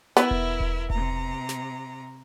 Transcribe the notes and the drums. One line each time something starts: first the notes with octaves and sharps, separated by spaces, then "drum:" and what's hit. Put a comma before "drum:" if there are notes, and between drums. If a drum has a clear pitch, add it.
B3 E4 A#4 E5, drum: snare
drum: kick E1
drum: kick E1
C3 A#5, drum: kick E1
drum: snare